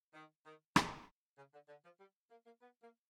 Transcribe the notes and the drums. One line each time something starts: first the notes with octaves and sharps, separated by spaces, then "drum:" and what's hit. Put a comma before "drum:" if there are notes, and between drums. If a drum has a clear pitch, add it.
D#3
D#3
D#3, drum: rim click
C#3
D3
D3
F3
G3
A#3
A#3
B3
A#3